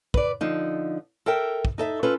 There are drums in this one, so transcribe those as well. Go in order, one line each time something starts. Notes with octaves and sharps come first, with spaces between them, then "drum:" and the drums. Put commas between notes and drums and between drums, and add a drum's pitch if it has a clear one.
B4 D5, drum: kick
D3 F3 D#4
A4 A#4 E5 G5
drum: kick
D#4 A4 E5
C#4 F4 A4 B4